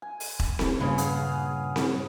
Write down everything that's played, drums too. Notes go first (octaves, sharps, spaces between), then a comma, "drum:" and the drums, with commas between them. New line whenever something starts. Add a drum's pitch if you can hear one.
G#5
drum: open hi-hat
drum: kick E1
drum: snare C4
G2 A#2 C#3 C#4 G#4 B4
G#4 C#5 F#5, drum: hi-hat
drum: snare C4